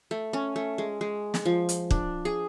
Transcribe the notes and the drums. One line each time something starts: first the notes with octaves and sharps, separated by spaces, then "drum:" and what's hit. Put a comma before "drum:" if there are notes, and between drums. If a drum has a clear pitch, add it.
A3
C#4
A3
G#3
G#3
drum: snare
F3
drum: hi-hat
D4, drum: kick
G#4